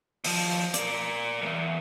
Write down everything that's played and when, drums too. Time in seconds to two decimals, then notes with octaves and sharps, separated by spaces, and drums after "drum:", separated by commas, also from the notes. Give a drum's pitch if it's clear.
0.24 D#2 F3, drum: open hi-hat
0.74 A#4 D5, drum: hi-hat
1.41 B1 E2